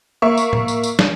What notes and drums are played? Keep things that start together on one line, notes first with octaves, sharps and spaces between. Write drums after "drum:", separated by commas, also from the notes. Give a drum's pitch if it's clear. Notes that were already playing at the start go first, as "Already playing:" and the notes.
A#3 E5 C#6
drum: tambourine
drum: tom A2
drum: tambourine
drum: tambourine
drum: snare